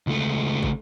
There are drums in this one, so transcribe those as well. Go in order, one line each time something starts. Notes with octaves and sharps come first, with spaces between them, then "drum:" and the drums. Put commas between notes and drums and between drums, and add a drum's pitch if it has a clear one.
C#2 A3
drum: kick